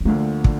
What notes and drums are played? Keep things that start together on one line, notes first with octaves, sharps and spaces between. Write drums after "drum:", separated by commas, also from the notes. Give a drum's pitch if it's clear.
G3
D2 D3 F3 A3 A#3
D3, drum: kick